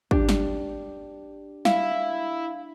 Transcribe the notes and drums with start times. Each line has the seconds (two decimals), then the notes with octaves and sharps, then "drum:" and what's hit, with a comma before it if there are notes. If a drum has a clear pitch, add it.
0.11 D4 G4, drum: kick
0.29 drum: snare
1.65 E4 F5, drum: snare